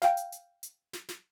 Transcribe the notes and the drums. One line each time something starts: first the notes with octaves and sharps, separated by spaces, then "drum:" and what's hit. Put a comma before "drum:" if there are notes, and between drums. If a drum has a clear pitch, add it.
F5 G5, drum: snare
drum: hi-hat
drum: hi-hat
drum: hi-hat
drum: snare
drum: snare